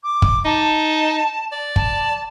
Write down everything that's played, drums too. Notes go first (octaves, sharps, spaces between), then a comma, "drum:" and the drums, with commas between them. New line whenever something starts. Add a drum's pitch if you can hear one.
D6
drum: kick
D#4 A5
D5
A5, drum: kick